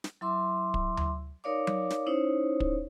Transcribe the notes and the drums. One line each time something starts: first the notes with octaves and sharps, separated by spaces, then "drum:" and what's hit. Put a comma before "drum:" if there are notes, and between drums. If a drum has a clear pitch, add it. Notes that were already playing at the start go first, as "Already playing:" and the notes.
drum: snare
F#3 E4 E5 C6 D6 E6
drum: kick
drum: tom D2
D#4 A#4 C#5 D5 F5 D6
drum: tom F#3
drum: snare
C#4 D#4 E4 C5 C#5
drum: kick